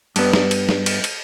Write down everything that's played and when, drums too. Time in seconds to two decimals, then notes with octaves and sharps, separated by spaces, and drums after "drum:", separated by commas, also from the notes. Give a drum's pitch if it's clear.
0.16 G2 B3, drum: cymbal
0.33 drum: snare
0.51 drum: cymbal
0.69 drum: snare
0.86 drum: cymbal
1.04 drum: cymbal